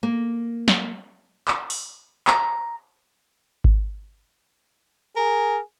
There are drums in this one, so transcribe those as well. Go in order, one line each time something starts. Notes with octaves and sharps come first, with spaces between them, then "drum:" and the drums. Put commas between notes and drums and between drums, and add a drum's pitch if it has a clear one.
A#3
drum: snare
drum: clap
drum: open hi-hat
A#5, drum: clap
drum: kick G#1
G#4 A#4